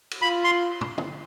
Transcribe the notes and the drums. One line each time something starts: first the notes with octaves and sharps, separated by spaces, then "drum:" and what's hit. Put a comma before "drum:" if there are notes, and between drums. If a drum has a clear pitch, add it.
drum: cymbal
F4 B5
C6
drum: tom
drum: tom